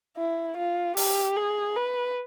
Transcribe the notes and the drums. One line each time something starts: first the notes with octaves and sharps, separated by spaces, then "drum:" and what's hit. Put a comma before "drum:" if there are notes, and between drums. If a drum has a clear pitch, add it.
E4
F4
G4, drum: open hi-hat
G#4
B4